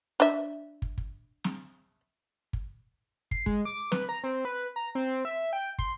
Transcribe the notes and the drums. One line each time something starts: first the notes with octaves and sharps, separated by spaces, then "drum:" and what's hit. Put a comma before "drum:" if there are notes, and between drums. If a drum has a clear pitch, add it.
D4 E5
drum: kick
drum: kick
drum: snare
drum: kick
C7, drum: kick
G#3, drum: kick
D6
B4, drum: snare
A#5
C4
B4
A#5
C4
E5
G5
C6, drum: kick